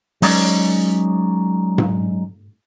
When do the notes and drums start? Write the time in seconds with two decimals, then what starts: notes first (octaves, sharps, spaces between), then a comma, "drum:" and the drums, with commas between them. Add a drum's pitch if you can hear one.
0.22 F#3 G#3 C#4 D#4 C#5 D5, drum: open hi-hat
1.78 drum: tom G#2